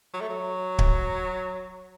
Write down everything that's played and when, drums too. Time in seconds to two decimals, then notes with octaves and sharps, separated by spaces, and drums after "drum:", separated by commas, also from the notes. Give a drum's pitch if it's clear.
0.14 F#3
0.21 A3
0.29 F#3
0.79 drum: kick